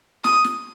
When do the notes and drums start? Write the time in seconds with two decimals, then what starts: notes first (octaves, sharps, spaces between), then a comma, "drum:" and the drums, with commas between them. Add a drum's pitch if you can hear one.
0.24 D#6, drum: snare
0.44 drum: snare